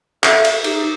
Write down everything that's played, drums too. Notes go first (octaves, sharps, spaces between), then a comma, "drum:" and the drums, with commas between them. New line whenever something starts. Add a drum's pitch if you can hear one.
A4 E5, drum: clap
drum: cymbal
D#4 G4 G#4, drum: cymbal